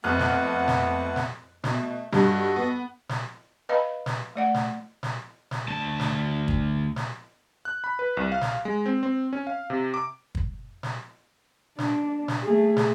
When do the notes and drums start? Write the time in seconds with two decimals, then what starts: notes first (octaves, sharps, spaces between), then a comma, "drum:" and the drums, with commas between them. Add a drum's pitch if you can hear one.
0.04 F2 A3 B3 F#5 F6 F#6
0.19 drum: snare
0.68 drum: snare
1.16 drum: snare
1.64 B2 A3, drum: snare
2.13 G2 F#4 A4 D#5, drum: snare
2.56 B3
3.09 drum: snare
3.69 B4 D#5 F5 B5
4.06 drum: snare
4.36 A3 D5 F#5
4.54 drum: snare
5.03 drum: snare
5.51 drum: snare
5.68 D2 A5
5.99 drum: snare
6.48 drum: kick
6.96 drum: snare
7.65 F#6
7.84 B5
7.99 B4
8.17 C2
8.32 F5
8.41 drum: snare
8.65 G#3
8.86 C4
9.03 C4
9.33 C#4
9.47 F5
9.70 C3
9.94 D6
10.35 drum: kick
10.83 drum: snare
11.78 D4, drum: snare
12.28 drum: snare
12.42 A3 G#4
12.76 drum: snare